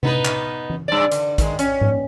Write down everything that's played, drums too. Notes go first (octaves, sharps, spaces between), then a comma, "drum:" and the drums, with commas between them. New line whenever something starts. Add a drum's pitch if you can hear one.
B3 D#4 B4, drum: tom C3
drum: clap
drum: tom E3
G2 D5
D3, drum: hi-hat
D#3 G3 G#3, drum: kick, hi-hat
C#4, drum: hi-hat
drum: tom G#2